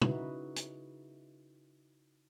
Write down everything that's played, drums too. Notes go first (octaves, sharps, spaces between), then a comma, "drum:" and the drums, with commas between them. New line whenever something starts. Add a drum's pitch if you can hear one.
C#3 D#4 E4 F#4 B4, drum: tom
drum: hi-hat